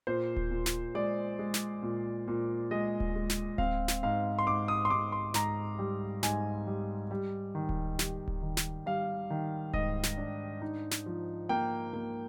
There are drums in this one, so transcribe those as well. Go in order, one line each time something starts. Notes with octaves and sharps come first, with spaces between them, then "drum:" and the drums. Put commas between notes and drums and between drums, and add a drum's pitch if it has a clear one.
A#2 C5
drum: kick D1
A#2
drum: snare
G#3 D5
G#3
drum: snare
A#2
A#2
G#3 D#5
drum: kick D1
G#3
drum: snare
C4 F5, drum: kick D1
drum: snare
G#2 F5
C6
G#2 D6
D#6
C6
G#2 D6
C6
G#2 A#5, drum: snare
G3
G#2 G#5, drum: snare
G3
G3
D#3
drum: kick D1
G3, drum: snare
drum: kick D1
D#3
drum: snare
G3 F5
D#3
G#2 D#5, drum: kick D1
drum: snare
D4
D#4
drum: snare
F3
A#3 G5
A#3